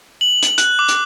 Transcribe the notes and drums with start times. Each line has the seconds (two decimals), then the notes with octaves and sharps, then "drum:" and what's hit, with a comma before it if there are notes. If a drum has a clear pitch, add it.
0.21 F#7
0.43 drum: hi-hat
0.58 F#6, drum: hi-hat
0.79 D6
0.88 drum: hi-hat